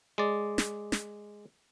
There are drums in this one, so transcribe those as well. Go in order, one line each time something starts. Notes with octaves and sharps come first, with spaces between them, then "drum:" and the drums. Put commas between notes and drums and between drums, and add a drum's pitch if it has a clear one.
G#3 D5
drum: snare
drum: snare